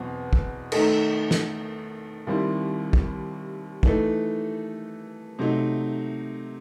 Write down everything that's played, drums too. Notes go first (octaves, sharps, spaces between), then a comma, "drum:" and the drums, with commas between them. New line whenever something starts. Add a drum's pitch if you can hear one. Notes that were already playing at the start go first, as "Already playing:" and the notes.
Already playing: E2 B2 F#3 C4
drum: kick
D#3 A3 D#4 A4 D#5, drum: cymbal
drum: snare
D#2 D#3 G3 C4 E4
drum: kick
E3 A3 D#4 A4, drum: kick
C3 F#3 A3 D#4